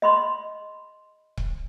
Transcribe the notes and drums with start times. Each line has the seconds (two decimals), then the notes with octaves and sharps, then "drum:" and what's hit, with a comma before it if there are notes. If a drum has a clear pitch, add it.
0.02 D#5 B5 C6
1.37 drum: kick C#1